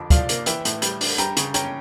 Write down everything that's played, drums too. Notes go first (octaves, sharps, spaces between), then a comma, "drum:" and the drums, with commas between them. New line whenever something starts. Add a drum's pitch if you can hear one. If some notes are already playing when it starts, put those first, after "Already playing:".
Already playing: F2 D3 D4
F3 D5 F5, drum: kick, hi-hat
A#3, drum: hi-hat
E3 E5 G5, drum: hi-hat
A2, drum: hi-hat
G3, drum: hi-hat
D4, drum: open hi-hat
G3 G5 A#5, drum: hi-hat
C#3, drum: hi-hat
C#4 G5 A#5, drum: hi-hat